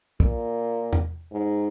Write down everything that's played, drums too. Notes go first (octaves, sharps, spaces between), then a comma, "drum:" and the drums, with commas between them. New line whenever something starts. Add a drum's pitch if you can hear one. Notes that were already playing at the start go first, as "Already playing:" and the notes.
A#2, drum: kick
drum: tom E2
G#2